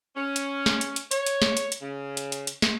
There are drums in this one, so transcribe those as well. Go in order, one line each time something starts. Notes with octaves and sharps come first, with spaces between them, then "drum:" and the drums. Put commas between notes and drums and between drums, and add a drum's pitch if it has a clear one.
C#4
drum: hi-hat
drum: snare
drum: hi-hat
drum: hi-hat
C#5, drum: hi-hat
drum: hi-hat
drum: snare
drum: hi-hat
drum: hi-hat
C#3
drum: hi-hat
drum: hi-hat
drum: hi-hat
drum: snare